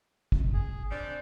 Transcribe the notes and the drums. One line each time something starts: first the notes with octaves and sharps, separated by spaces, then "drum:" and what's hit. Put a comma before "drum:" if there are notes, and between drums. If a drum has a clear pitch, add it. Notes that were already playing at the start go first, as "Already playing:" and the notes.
drum: kick
G#4
C3 G3 D4 D5 G6